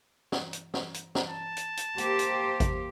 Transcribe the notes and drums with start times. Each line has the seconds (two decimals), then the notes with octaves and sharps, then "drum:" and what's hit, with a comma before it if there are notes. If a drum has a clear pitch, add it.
0.32 drum: snare
0.53 drum: hi-hat
0.74 drum: snare
0.94 drum: hi-hat
1.15 drum: snare
1.27 A5
1.57 drum: hi-hat
1.77 drum: hi-hat
1.98 A#3 G4 C5, drum: hi-hat
2.19 drum: hi-hat
2.60 drum: kick G#1, hi-hat